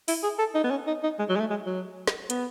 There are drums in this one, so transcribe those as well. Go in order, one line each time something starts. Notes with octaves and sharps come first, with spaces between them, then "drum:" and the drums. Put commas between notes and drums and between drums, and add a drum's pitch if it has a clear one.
E4, drum: open hi-hat
G#4
A4
D#4
B3
C#4
D#4
D#4
G#3
F#3
G#3
A3
G#3
F#3
drum: snare
B3, drum: hi-hat